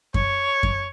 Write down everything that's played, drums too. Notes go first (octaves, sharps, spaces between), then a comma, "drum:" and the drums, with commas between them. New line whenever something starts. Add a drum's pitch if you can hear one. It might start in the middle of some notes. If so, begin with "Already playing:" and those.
C#5, drum: kick F#2
drum: kick F#2